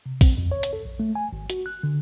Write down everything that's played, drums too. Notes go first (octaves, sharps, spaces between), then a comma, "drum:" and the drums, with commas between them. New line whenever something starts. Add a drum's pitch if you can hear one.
C3
C4, drum: kick A#1, open hi-hat
F2
C#5
drum: hi-hat
A4
A#1
A3
G#5
G#1
F#4, drum: hi-hat
F#6
D3